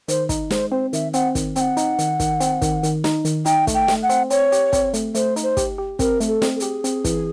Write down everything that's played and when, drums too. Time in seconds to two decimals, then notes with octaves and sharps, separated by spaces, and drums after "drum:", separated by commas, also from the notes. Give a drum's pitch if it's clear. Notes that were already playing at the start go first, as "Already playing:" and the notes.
0.08 D#3 C5, drum: hi-hat
0.29 D#4, drum: kick, hi-hat
0.51 G#3 C5, drum: snare
0.72 C4 C5
0.93 D#3 E5, drum: hi-hat
1.13 C4 F#5, drum: hi-hat
1.35 D#3, drum: kick, hi-hat
1.56 C4 F#5 G5, drum: hi-hat
1.77 D#4, drum: hi-hat
1.99 D#3, drum: hi-hat
2.20 D#3, drum: kick, hi-hat
2.40 C4, drum: hi-hat
2.62 D#3, drum: kick, hi-hat
2.83 D#3, drum: hi-hat
3.04 D#4, drum: snare
3.25 D#3, drum: hi-hat
3.46 D#4 G5, drum: hi-hat
3.67 A3, drum: kick, hi-hat
3.74 G5
3.88 A3, drum: snare
4.03 F#5
4.09 C4, drum: hi-hat
4.30 C4 C#5, drum: hi-hat
4.52 G4, drum: hi-hat
4.73 C4, drum: kick, hi-hat
4.94 A3, drum: hi-hat
5.15 A3 C5, drum: hi-hat
5.36 D#4, drum: hi-hat
5.43 C5
5.57 G4, drum: kick, hi-hat
5.78 G4
5.99 C4 A#4, drum: kick, hi-hat
6.20 A3, drum: hi-hat
6.28 A4
6.42 C4, drum: snare
6.56 A4
6.60 G4 G#4, drum: hi-hat
6.84 C4, drum: hi-hat
7.04 E3, drum: kick, hi-hat